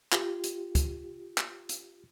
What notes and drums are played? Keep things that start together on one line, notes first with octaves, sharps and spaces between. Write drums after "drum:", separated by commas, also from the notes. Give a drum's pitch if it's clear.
F4 G4, drum: clap
drum: hi-hat
drum: kick, hi-hat
drum: clap
drum: hi-hat